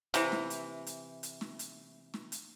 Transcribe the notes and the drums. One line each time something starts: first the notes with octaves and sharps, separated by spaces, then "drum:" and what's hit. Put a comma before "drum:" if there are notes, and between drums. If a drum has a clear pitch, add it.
C3 E3, drum: hi-hat
drum: snare
drum: hi-hat
drum: hi-hat
drum: hi-hat
drum: snare
drum: hi-hat
drum: snare
drum: hi-hat